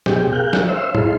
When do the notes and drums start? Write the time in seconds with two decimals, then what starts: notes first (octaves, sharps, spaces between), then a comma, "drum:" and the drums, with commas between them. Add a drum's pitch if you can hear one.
0.06 B2 G4 G#4 G5, drum: snare
0.32 G#4 A#4 F5 F#6 G6
0.53 drum: snare
0.69 C5 C#5 E5 F5 C6 E6
0.95 D#4 E4 G#4 A4 F5 C6, drum: tom